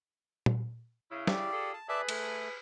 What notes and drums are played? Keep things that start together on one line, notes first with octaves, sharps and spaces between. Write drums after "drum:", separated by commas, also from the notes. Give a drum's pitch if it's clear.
drum: tom A#2
C#3 E4
G4 D5, drum: snare
F4 G#4 A4
A5
G#4 A4 B4 D5 E5 A5
A3, drum: cymbal